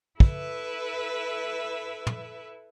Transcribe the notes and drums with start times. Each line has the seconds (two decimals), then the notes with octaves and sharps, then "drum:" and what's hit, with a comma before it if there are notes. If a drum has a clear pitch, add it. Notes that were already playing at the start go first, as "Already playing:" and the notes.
0.20 E4 A4 B4 E5, drum: kick
2.07 drum: tom